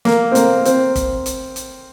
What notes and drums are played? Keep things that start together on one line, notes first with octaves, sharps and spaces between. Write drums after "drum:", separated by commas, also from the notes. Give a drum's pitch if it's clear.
A#3, drum: snare
C4
A#3, drum: hi-hat
C4, drum: hi-hat
drum: kick, hi-hat
drum: hi-hat
drum: hi-hat